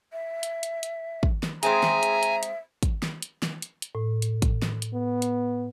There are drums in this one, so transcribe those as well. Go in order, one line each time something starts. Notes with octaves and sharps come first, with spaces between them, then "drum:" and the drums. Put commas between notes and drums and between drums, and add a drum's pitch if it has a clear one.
E5
drum: hi-hat
drum: hi-hat
drum: hi-hat
drum: kick
drum: snare
G#3 C4 G#4 E5 G#5 A#5, drum: hi-hat
drum: snare
drum: hi-hat
drum: hi-hat
drum: hi-hat
drum: kick, hi-hat
drum: snare
drum: hi-hat
drum: snare
drum: hi-hat
drum: hi-hat
A2
drum: hi-hat
drum: kick, hi-hat
drum: snare
drum: hi-hat
B3
drum: hi-hat